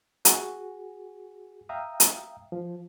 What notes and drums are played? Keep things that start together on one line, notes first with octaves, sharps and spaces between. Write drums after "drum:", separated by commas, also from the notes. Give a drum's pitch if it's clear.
F#4 G#4, drum: hi-hat
E5 F5 G5 A#5 D#6
drum: hi-hat
F3